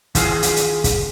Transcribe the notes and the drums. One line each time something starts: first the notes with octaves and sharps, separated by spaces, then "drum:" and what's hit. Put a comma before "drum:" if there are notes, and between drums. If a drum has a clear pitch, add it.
D#3 F4 G#4, drum: kick, hi-hat
drum: hi-hat
drum: hi-hat
drum: kick, hi-hat